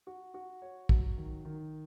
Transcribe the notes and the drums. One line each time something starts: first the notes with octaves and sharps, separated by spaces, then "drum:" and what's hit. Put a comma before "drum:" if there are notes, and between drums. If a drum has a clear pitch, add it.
F#4
F#4
C#5
F#3, drum: kick
D#3
D#3